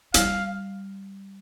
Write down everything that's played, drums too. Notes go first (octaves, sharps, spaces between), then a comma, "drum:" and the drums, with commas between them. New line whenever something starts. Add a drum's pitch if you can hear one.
G3 F5, drum: hi-hat